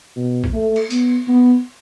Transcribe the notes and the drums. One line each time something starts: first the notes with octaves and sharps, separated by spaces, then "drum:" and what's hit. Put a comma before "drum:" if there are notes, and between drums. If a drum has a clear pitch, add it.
B2
drum: kick
A3
drum: cymbal
B3, drum: hi-hat
B3